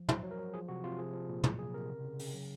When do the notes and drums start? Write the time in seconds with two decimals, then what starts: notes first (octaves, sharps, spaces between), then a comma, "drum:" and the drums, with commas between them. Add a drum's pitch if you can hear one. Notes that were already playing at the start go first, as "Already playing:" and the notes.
Already playing: F3
0.09 F#3 C5, drum: tom
0.24 F#3
0.31 A#4
0.39 F#3
0.54 F3 G#4
0.68 C3 F#4
0.84 C3 F4
0.98 F3 G#4
1.14 F3
1.29 A#2
1.44 F#3 G#4, drum: tom
1.59 C3 G#4
1.74 C3 A#4
1.89 C#3
2.04 C#3
2.19 C#3, drum: open hi-hat
2.34 F#3